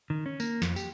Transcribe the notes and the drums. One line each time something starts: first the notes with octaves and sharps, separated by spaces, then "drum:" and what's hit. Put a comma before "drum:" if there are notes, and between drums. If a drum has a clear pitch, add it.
D#3
C#4
A#3, drum: tambourine
F2, drum: snare
G4, drum: tambourine